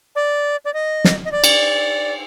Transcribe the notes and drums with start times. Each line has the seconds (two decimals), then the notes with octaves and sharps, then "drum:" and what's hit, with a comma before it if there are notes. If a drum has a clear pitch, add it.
0.15 D5
0.65 D5
0.74 D#5
1.04 drum: snare
1.25 D#5
1.32 D5
1.44 drum: cymbal